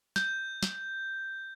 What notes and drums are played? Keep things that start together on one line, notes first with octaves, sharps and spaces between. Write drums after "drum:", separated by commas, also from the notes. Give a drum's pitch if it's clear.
G6, drum: snare
drum: snare